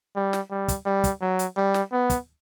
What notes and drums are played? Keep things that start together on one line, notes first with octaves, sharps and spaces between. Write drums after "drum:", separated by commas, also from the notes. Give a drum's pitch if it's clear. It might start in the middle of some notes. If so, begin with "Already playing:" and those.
G3
drum: snare
G3
drum: kick, hi-hat
G3
drum: kick, hi-hat
F#3
drum: hi-hat
G3
drum: snare
B3
drum: kick, hi-hat